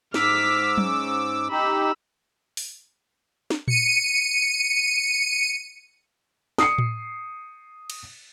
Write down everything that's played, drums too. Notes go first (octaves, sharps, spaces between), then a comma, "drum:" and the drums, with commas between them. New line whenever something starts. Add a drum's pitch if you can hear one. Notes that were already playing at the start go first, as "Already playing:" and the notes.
G#2 D6 E6 F6 B6, drum: snare
C#4, drum: tom F#3
D#4 G4 B5 E6
drum: open hi-hat
drum: snare
C#7 D#7, drum: tom A#2
D#6 C7 C#7, drum: snare
drum: tom A2
drum: cymbal